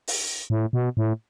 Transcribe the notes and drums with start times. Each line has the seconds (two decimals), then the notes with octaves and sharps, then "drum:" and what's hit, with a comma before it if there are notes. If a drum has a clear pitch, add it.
0.08 drum: open hi-hat
0.50 A2
0.73 B2
0.97 A2